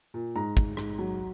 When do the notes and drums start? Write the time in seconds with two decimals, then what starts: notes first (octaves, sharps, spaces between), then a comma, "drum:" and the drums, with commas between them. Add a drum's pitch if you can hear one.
0.14 A#2
0.36 G#2 A#5
0.57 G#2, drum: kick
0.77 G#2, drum: rim click
0.99 F#3